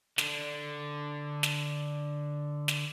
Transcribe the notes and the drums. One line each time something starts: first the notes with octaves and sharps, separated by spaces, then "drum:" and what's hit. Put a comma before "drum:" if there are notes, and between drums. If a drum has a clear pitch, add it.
D3 D4, drum: snare
drum: snare
drum: snare